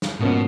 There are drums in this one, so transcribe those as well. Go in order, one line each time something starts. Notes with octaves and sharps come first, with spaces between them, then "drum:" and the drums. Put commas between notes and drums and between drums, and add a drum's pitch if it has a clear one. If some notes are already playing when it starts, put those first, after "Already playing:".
drum: snare
G#2 B2 F3 A#3 C#4 F4